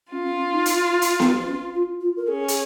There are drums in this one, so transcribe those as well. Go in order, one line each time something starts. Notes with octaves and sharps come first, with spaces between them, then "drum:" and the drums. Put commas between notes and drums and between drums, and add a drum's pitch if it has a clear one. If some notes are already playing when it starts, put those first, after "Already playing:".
C#4 F4
C#4
C#4
D#4
drum: hi-hat
drum: hi-hat
B3, drum: snare B3
C#4
F4
F4
A#4
C#4 G#4
G#4, drum: hi-hat